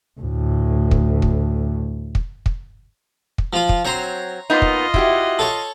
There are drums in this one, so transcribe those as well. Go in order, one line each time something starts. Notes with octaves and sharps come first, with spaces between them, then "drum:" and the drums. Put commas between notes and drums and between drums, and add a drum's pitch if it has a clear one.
D2 A2
drum: kick
drum: kick
drum: kick
drum: kick
drum: kick
F3 F4
drum: kick
F#3 C4 C#5 A#5 C6
A#3 B3 D#4 F4 D#5
drum: kick
E4 F#4 G4, drum: kick
A4 C#5 C#6